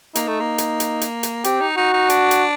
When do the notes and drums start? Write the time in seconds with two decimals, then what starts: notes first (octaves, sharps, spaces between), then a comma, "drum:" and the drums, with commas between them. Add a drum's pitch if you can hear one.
0.15 A#3 D#4, drum: hi-hat
0.27 A3
0.40 A#3
0.58 drum: hi-hat
0.80 drum: hi-hat
1.01 drum: hi-hat
1.23 drum: hi-hat
1.44 C4 G4, drum: hi-hat
1.61 D#4
1.77 D#4 F#4
1.94 D#4
2.10 D4, drum: hi-hat
2.31 drum: hi-hat